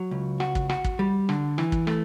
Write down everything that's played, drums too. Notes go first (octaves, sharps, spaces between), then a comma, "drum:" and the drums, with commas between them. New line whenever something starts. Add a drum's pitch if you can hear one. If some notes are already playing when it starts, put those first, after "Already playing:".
Already playing: F#3
C#2
F#4, drum: rim click
drum: kick
F#4, drum: rim click
drum: kick
G3
D3, drum: rim click
E3, drum: rim click
drum: kick
A3, drum: rim click